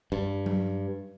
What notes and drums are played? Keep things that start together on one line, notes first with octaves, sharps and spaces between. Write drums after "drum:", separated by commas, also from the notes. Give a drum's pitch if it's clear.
G2
drum: tom F#3